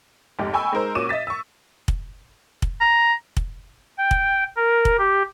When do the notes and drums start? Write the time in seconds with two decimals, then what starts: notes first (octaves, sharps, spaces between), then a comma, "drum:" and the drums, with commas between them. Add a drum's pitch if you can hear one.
0.39 F1 G#2 G4
0.54 G5 G#5 B5 C#6 E6
0.72 G#3 D#4 A#4 C5
0.95 A#2 C#4 F#4 D6 D#7 E7
1.09 D#5 E5 A6 B6
1.27 C#6 E6
1.88 drum: kick
2.62 drum: kick
2.81 A#5
3.37 drum: kick
3.98 G5
4.11 drum: kick
4.57 A#4
4.85 drum: kick
4.98 G4